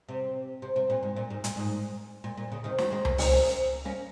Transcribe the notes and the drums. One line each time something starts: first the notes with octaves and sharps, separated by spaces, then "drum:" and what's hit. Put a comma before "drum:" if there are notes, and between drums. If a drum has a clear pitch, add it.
C3
C3
C3
A#2
G#2
A#2
G#2
A#2, drum: hi-hat
G#2
A#2
A#2
C#3
C3 D#3
D#3 F#3, drum: snare
G#3 C4
A#3 C#4, drum: tom C#2
C4 D#4, drum: open hi-hat
A#3 C#4
A#3 C#4